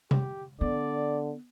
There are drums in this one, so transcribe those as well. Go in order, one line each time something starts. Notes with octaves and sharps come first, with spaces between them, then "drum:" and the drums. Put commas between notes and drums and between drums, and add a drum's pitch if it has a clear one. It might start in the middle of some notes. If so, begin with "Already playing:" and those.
G4, drum: tom C3
D3 B3 D5